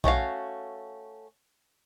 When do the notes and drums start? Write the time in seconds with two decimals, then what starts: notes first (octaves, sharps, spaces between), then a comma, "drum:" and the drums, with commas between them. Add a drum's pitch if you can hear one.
0.04 A3 C#4 F#4 F5, drum: kick